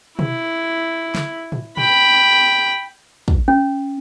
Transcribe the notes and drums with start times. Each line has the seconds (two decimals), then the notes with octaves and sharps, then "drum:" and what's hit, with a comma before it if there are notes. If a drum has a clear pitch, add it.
0.19 E4, drum: tom B2
1.15 drum: snare D3
1.52 drum: tom A2
1.77 G5 B5, drum: tom A2
3.28 drum: kick
3.48 C#4